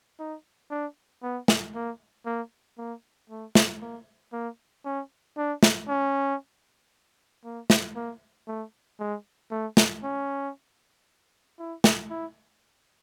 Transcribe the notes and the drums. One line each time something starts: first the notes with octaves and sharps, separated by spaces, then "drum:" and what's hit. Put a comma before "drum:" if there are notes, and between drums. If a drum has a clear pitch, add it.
D#4
D4
B3
drum: snare
A#3
A#3
A#3
A3
drum: snare
A#3
A#3
C#4
D4
drum: snare
C#4
A#3
drum: snare
A#3
A3
G#3
A3
drum: snare
C#4
E4
drum: snare
E4